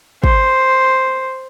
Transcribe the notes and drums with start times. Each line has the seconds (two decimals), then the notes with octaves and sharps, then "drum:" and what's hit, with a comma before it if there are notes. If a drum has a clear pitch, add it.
0.24 C5, drum: kick